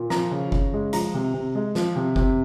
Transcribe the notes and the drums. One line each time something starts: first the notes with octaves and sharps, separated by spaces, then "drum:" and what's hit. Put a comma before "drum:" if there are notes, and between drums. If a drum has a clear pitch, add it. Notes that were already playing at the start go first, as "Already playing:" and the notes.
Already playing: A#2
F3 A#5, drum: snare
C#3
C#3, drum: kick F#1
G#3
F3 A#5, drum: hi-hat
C3
C3
G#3
F3, drum: snare
C3
C3, drum: kick F#1